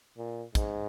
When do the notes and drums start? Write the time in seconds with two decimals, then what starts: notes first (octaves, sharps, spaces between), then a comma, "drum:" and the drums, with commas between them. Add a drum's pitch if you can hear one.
0.18 A#2
0.55 G#2, drum: kick, hi-hat